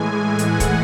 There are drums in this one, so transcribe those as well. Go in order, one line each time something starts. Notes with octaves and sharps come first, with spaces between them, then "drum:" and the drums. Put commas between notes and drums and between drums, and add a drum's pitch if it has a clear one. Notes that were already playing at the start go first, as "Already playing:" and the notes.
Already playing: A2 E3 G#3 G#5
F#5, drum: hi-hat
drum: kick, hi-hat